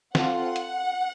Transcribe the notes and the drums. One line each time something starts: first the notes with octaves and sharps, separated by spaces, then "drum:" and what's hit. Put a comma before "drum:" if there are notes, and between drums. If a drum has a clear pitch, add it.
C4 F4 A4 F#5, drum: snare
drum: hi-hat